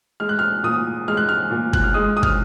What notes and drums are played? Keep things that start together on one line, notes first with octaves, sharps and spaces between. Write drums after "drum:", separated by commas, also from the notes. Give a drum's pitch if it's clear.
G#3 F6
F#6
F6
A#2 D#6
G#3 F6
F#6
F6
A#2
F#6, drum: kick
F6
G#3 D#6
D#6
F6, drum: kick